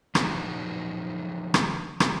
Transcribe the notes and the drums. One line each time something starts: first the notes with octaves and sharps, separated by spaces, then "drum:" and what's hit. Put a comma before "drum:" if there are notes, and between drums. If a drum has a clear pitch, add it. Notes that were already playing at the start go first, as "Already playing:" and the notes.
F3 F#3 G#3 D#4 F#4, drum: rim click
drum: rim click
drum: rim click